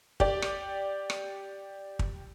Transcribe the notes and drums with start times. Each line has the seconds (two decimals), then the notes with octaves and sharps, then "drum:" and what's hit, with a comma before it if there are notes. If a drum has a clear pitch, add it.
0.20 G4 D5, drum: kick
0.42 drum: rim click
1.10 drum: rim click
1.99 drum: kick